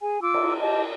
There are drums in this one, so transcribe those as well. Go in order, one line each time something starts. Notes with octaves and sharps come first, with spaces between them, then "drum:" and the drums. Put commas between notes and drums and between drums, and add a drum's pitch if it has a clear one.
G#4 G#5
F4 D6 E6
drum: cymbal
G4 D#5 A5